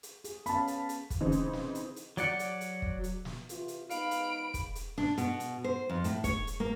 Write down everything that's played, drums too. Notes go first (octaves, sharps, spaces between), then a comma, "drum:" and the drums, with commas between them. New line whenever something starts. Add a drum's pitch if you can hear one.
drum: hi-hat
G#4, drum: hi-hat
B3 C#4 F5 A5 B5, drum: hi-hat
drum: hi-hat
drum: hi-hat
drum: kick, hi-hat
C#3 E3 C4 D#4
drum: hi-hat
drum: snare
drum: hi-hat
drum: hi-hat
F#3 D5 F#5, drum: hi-hat
drum: hi-hat
drum: hi-hat
drum: kick
drum: hi-hat
drum: snare
C3 E3 F4, drum: hi-hat
drum: hi-hat
G#3 B3 D#4 F5 B5 D7, drum: hi-hat
drum: hi-hat
drum: kick, hi-hat
drum: hi-hat
D4, drum: snare
B2, drum: hi-hat
drum: hi-hat
C5
F2
A2, drum: hi-hat
C#5, drum: kick, hi-hat
drum: hi-hat
A#3